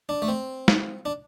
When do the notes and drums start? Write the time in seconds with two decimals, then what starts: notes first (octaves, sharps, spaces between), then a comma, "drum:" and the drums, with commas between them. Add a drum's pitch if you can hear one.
0.09 D4
0.22 A3
0.28 C4
0.68 drum: snare
1.05 D4